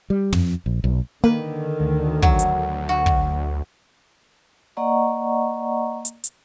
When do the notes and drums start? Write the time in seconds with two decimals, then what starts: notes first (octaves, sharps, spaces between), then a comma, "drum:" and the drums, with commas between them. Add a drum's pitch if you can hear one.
0.10 G3
0.33 F2, drum: tom
0.66 A#1
0.84 B1
1.24 D3 D#3 A#3 B4
1.80 D2
2.22 F#3, drum: kick
2.39 drum: hi-hat
2.89 F#4
3.06 drum: kick
4.77 A#3 D5 D#5 F#5 A#5 C#6
6.05 drum: hi-hat
6.24 drum: hi-hat